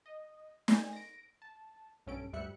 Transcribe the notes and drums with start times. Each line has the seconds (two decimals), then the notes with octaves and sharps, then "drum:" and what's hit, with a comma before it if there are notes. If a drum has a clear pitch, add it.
0.06 D#5
0.68 D5 G5 G#5, drum: snare
0.93 A#6 D7
1.42 A5
2.07 B1 G2 C#4 A4 D7
2.33 D2 G2 G3 E5 F#6 C#7